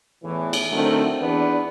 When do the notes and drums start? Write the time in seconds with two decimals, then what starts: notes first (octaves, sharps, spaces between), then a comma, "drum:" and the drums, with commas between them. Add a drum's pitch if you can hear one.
0.24 E2 A2 E3
0.53 drum: cymbal
0.72 D3 D#3 F#3 A3 C4
1.20 E2 B3 D4